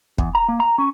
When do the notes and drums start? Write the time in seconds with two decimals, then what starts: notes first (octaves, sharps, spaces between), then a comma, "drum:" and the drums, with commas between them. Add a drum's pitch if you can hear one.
0.18 E2, drum: kick
0.35 A#5
0.49 A#3
0.60 A#5
0.78 C#4